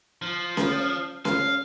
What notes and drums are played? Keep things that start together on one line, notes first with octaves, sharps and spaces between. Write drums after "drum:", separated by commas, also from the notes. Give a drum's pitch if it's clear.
F3
drum: snare C#4
F5, drum: snare C#4